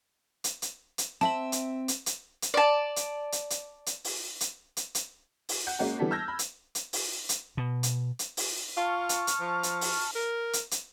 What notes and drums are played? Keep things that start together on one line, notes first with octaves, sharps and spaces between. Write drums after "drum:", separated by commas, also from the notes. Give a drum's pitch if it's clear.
drum: hi-hat
drum: hi-hat
drum: hi-hat
C4 E5 A5 F#7
drum: hi-hat
drum: hi-hat
drum: hi-hat
drum: hi-hat
D5 A5
drum: hi-hat
drum: hi-hat
drum: hi-hat
drum: hi-hat
drum: open hi-hat
drum: hi-hat
drum: hi-hat
drum: hi-hat
drum: open hi-hat
F#5 G6
G#3 A#3 C#4 F#4
E3 G3 B3 D4 A4 B6
A5 E6 F6 G6 G#6 A#6
B5
drum: hi-hat
drum: hi-hat
drum: open hi-hat
drum: hi-hat
B2
drum: hi-hat
drum: hi-hat
drum: open hi-hat
F4 A5 C#6 F6
drum: hi-hat
drum: hi-hat
F3
drum: hi-hat
drum: open hi-hat
A#4
drum: hi-hat
drum: hi-hat